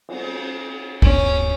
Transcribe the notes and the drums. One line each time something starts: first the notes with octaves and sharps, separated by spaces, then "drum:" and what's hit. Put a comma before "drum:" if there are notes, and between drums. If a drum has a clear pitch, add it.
drum: cymbal
D1 G2 B3 C#4, drum: kick